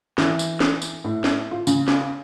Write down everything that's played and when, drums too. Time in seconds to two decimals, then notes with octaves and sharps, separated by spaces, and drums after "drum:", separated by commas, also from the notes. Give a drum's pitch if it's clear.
0.18 E3, drum: snare
0.39 drum: tambourine
0.60 drum: snare
0.82 drum: tambourine
1.04 A2
1.24 drum: snare
1.51 F4
1.67 C#3, drum: tambourine
1.88 drum: snare